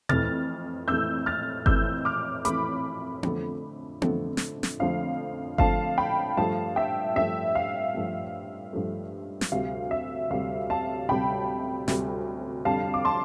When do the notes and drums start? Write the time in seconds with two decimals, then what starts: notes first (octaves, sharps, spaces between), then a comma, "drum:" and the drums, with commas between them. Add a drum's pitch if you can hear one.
0.09 F2 E3 A3 F6 A6, drum: tom A#2
0.88 F2 E3 A3 E6 G6
1.26 F6 A6
1.66 F2 E3 A3 E6 G6, drum: kick G1
2.05 D6 F6
2.45 F2 E3 A3 B5 D6, drum: hi-hat
3.23 F2 D3 F3 A3, drum: tom B3
4.02 F2 D3 F3 A3, drum: tom B3
4.37 drum: snare
4.63 drum: snare
4.80 F2 D3 F3 A3 F5
5.58 F2 D3 F3 A3 F5 A5, drum: kick G1
5.98 G5 B5
6.37 G2 F3 A3 F5 A5
6.76 E5 G5
7.15 G2 F3 A3 E5
7.55 F5
7.94 G2 F3 A3
8.73 G2 F3 A3
9.41 drum: snare
9.52 D2 C3 G3 F5
9.91 E5
10.30 D2 C3 G3 F5
10.70 F5 A5
11.08 D2 C3 G3 G5 B5
11.88 D2 C3 G3, drum: snare
12.65 F2 D3 G3 F5 A5
12.94 D6
13.05 A5 C6